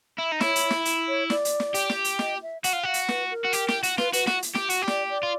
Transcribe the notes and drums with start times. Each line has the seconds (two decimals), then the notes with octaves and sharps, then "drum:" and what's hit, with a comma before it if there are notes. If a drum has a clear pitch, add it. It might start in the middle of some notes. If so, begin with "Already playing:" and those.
0.19 E4
0.32 D#4
0.41 E4 C#5, drum: snare
0.56 drum: hi-hat
0.70 drum: snare
0.85 drum: hi-hat
1.08 C#5
1.30 D5, drum: snare
1.45 drum: hi-hat
1.60 drum: snare
1.74 G4, drum: hi-hat
1.90 drum: snare
2.04 drum: hi-hat
2.19 D#5, drum: snare
2.42 E5
2.64 F#4 F#5, drum: hi-hat
2.73 F4
2.83 F#4 F5
2.94 drum: hi-hat
3.08 B4, drum: snare
3.31 A#4
3.44 F#4
3.53 G4, drum: hi-hat
3.68 G4, drum: snare
3.83 F#4, drum: hi-hat
3.98 F4 B4, drum: snare
4.13 F#4 B4, drum: hi-hat
4.27 F#4, drum: snare
4.43 drum: hi-hat
4.55 G4, drum: snare
4.70 F#4, drum: hi-hat
4.82 G4
4.88 D5, drum: snare
5.10 D5
5.23 F4